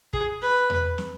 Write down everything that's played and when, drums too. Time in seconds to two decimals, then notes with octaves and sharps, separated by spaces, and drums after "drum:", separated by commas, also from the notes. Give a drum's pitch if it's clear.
0.13 G#4, drum: kick
0.42 B4
0.70 drum: tom E2
0.98 drum: snare